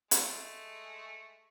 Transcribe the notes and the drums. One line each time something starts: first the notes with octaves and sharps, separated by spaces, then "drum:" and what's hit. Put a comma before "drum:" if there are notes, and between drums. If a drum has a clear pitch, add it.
G#3 A3, drum: hi-hat